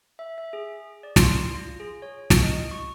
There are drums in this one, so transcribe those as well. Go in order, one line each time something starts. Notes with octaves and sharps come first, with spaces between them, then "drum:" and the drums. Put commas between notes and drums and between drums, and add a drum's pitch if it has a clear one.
E5
E5
G#4
D5
C6, drum: snare
F4
G#4
C#5
drum: snare
D#5
C#6